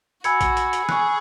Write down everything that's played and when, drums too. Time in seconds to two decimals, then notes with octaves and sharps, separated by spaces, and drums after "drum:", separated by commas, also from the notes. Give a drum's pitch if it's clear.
0.24 F#4 G#5 B5 E6 G#6 C#7, drum: hi-hat
0.41 drum: kick A#1, hi-hat
0.57 drum: hi-hat
0.73 drum: hi-hat
0.89 G#4 G#5 C#6 F#6, drum: snare